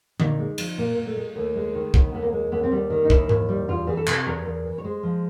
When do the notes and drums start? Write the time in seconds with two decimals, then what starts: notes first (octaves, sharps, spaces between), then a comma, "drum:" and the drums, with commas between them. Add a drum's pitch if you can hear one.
0.20 A#2 D#4, drum: tom D3
0.39 G#3
0.58 F3, drum: cymbal
0.78 A#2 A#3
0.97 A#2
1.07 A3
1.16 G#3
1.36 D#2 A3
1.56 G#3
1.75 D#3
1.94 D#2 B3, drum: kick
2.14 D#2 B3
2.22 A#3
2.33 G#3
2.52 D#2 B3
2.63 C4
2.71 G3 B3
2.90 D#3
3.05 D#4
3.10 D#2 E4, drum: kick
3.29 D#2, drum: tom G#2
3.49 G3
3.68 E2 F4
3.87 E3 G#4
3.97 A4
4.07 C3, drum: clap
4.27 E2 A#4
4.46 E2
4.65 E3
4.78 C#5
4.84 G#3 C5
5.03 F3